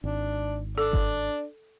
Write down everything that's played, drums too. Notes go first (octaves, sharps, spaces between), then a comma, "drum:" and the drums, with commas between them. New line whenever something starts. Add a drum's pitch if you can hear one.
G#1 D4
D4 A4 D5
drum: kick G1